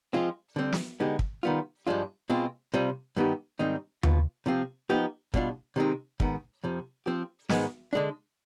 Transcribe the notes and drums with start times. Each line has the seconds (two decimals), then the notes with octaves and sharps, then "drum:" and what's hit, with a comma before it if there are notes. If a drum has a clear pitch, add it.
0.13 F3 G#3 C4 F4
0.56 D3 G3 C4
0.72 drum: snare
1.00 D3 G#3 B3 D#4 G4
1.19 drum: kick
1.43 D#3 G3 B3 F4
1.87 G2 F3 G#3 D4 F4
2.30 B2 G#3 C4 F4
2.74 C3 G3 C4 F4
3.17 G2 D#3 B3 D#4 G4
3.59 G#2 D#3 G3 C4 D#4
4.03 B2 B3 F4, drum: tom D#2
4.46 C3 F3 C4 F4
4.90 F3 B3 D#4 G4
5.34 B2 G3 D4 F4, drum: kick
5.76 C3 D#3 G#3 C4 D#4
6.20 G#2 D#3 B3, drum: kick
6.64 F2 C3 F3
7.06 F3 C4 G4
7.49 G#2 D#3 G#3 B3, drum: snare
7.93 D3 G#3 D4